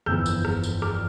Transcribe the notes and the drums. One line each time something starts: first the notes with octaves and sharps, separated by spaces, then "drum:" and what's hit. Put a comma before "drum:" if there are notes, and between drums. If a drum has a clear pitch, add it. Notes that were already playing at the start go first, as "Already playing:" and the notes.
G1 F2 E3 B3 E6 G6, drum: rim click
drum: tambourine
drum: rim click
drum: tambourine
D6 F6, drum: rim click